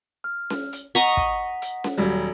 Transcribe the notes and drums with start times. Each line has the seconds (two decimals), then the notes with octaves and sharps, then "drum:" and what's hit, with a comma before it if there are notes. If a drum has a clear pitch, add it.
0.24 F6
0.50 drum: snare C#4
0.73 drum: hi-hat
0.95 D#5 F#5 A#5 C#6 B6
1.17 drum: kick
1.62 drum: hi-hat
1.84 drum: snare C#4
1.98 D#1 F#3 G3